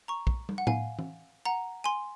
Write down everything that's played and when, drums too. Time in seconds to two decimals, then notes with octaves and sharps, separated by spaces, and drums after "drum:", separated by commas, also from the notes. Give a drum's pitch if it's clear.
0.08 A#5 C#6
0.27 drum: kick
0.49 drum: tom
0.58 F#5
0.67 F5 G#5, drum: tom A2
0.99 drum: tom E3
1.45 F#5 A#5
1.84 G#5 C6